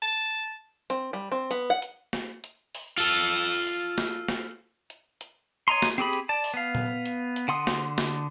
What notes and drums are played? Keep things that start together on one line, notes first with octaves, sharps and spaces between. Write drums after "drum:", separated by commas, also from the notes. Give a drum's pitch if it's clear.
A5
C4, drum: hi-hat
G3
C4
B3, drum: hi-hat
F#5
drum: hi-hat
drum: snare
drum: hi-hat
drum: open hi-hat
F4 A4
drum: hi-hat
drum: hi-hat
drum: snare
drum: snare
drum: hi-hat
drum: hi-hat
C#5 D#5 A#5 C6
drum: snare
C4 G4 G#4 B5
drum: hi-hat
D5 A5
drum: open hi-hat
B3 F5
drum: tom A#2
drum: hi-hat
drum: hi-hat
D3 F#5 C6 D#6
drum: snare
drum: snare